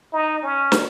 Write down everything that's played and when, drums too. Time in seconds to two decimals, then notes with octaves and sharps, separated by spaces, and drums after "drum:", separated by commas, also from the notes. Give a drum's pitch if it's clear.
0.13 D#4
0.43 C#4
0.72 drum: snare